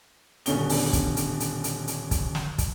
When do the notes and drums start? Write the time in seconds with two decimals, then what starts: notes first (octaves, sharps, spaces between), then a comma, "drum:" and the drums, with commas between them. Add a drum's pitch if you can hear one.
0.46 D#1 B2 D3 C#4 G7, drum: hi-hat
0.69 drum: open hi-hat
0.93 drum: kick, hi-hat
1.17 drum: hi-hat
1.40 drum: hi-hat
1.64 drum: hi-hat
1.88 drum: hi-hat
2.11 drum: kick, hi-hat
2.35 drum: snare
2.58 drum: kick, hi-hat